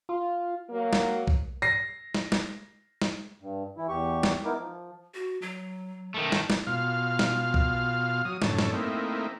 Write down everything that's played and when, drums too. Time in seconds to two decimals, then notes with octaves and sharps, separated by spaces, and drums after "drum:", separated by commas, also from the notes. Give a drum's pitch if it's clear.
0.09 F4
0.70 F#3 A#3
0.93 drum: snare
1.27 drum: kick B1
1.62 A#6 C7
2.14 drum: snare
2.32 drum: snare
3.02 drum: snare
3.41 G2
3.77 E3 E4
3.89 E2 G4 C#6
4.23 drum: snare
4.44 B3 D#4 E4 A#4 D6
4.58 F3
5.14 F#4
5.42 F#3
6.14 D#3 A3
6.32 drum: snare
6.50 drum: snare
6.67 B2 F4 F5 F6
7.19 drum: snare
7.54 drum: kick B1
8.25 F#3 D#6
8.42 F#2 A2 D3 C#5 A5, drum: snare
8.59 drum: snare
8.73 A3 A#3 C4 D#4 E4